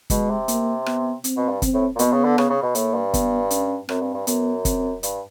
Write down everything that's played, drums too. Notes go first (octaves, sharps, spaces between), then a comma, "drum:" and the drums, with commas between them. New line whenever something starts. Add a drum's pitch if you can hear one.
B2 G#3, drum: kick, hi-hat
C3
A#3, drum: hi-hat
B3, drum: rim click
C4, drum: hi-hat
B2
G2
C4, drum: kick, hi-hat
A2
A#2
B2 B3, drum: hi-hat
C#3
D3
C#3, drum: rim click
C#3
B2
A2 A#3, drum: hi-hat
G2
B3, drum: kick, hi-hat
C#4, drum: hi-hat
F#2 C4, drum: rim click
G2
G2
F#2 B3, drum: hi-hat
C4, drum: kick, hi-hat
G2, drum: hi-hat